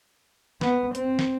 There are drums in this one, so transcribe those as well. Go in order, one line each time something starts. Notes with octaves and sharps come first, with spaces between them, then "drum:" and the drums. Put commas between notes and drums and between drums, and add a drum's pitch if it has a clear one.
B3, drum: snare
C4, drum: hi-hat
drum: snare